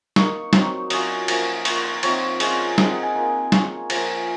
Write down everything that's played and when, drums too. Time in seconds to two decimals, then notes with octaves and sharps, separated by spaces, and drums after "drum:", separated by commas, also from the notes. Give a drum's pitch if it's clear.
0.16 A#3 D#4 C#6, drum: snare
0.53 F#3 C4 D#4, drum: snare
0.90 F#3 C#4 F4 D#6, drum: cymbal
1.28 F3 A#3 C#4, drum: cymbal
1.65 A#3 F4 C#6, drum: cymbal
1.75 C#6
1.84 C6
1.93 A#5
2.03 F3 C4 D#4 C#5, drum: cymbal
2.40 G#3 C#4 F4, drum: cymbal
2.78 G#3 C4 D#4 D#5, drum: snare
2.90 F#5
3.03 G#5
3.15 A#3 F4 A#5
3.52 G#3 C#4 F4, drum: snare
3.90 F3 A#3 C#4, drum: cymbal